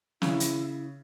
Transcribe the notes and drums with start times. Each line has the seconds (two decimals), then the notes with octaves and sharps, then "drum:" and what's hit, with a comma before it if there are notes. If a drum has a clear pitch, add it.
0.22 C#3 E4, drum: snare
0.40 drum: hi-hat